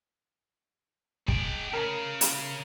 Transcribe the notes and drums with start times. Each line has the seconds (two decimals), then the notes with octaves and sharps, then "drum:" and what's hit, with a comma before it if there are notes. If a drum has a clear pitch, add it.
1.28 G#3 G5, drum: kick
1.73 C#3 A#4
2.21 drum: hi-hat